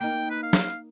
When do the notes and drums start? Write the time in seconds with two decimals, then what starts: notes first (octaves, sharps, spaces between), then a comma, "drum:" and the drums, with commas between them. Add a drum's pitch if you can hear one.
0.01 A#3 D#4 G5
0.30 B4
0.43 F5
0.53 drum: snare